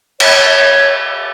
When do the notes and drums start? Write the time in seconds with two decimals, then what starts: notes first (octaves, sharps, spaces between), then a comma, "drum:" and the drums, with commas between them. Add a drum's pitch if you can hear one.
0.20 C#5, drum: cymbal